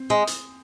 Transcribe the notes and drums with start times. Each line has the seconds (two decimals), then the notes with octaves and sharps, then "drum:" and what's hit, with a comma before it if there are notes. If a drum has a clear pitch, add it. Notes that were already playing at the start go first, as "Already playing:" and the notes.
Already playing: C4
0.10 G#3
0.27 drum: hi-hat